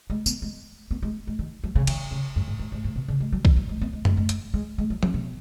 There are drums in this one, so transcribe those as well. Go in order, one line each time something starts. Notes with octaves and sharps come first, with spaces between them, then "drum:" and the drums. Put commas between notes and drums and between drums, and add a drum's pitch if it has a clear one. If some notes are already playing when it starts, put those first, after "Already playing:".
G#3
B3, drum: tambourine
G#3
B3
G#3
G#3
D#3
F#3
C#3
D#3, drum: cymbal
C#3
F#2
G#2
G#2
G#2
G#2
B2
C#3
G#3
F#3
D#3, drum: kick B1
F#3
G#3
B3
G#3
G#3, drum: tom F#2
G#3
G#3, drum: hi-hat
G#3
G#3
F#3
D#3, drum: tom F3
B2